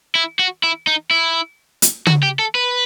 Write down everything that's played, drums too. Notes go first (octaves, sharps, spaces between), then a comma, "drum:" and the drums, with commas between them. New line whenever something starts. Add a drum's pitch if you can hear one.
E4
F#4
E4
D#4
E4
drum: hi-hat
F#4, drum: tom
G4
A4
B4